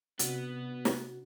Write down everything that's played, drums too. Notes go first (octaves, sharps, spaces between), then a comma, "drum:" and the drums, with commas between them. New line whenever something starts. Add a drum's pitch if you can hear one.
C3 B3 D4 F#4, drum: hi-hat
drum: snare